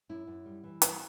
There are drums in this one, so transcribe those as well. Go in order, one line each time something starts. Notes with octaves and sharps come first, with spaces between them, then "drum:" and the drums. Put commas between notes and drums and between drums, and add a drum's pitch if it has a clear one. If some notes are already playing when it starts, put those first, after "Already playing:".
F#2 E4
F#2
G3
E3
G2, drum: hi-hat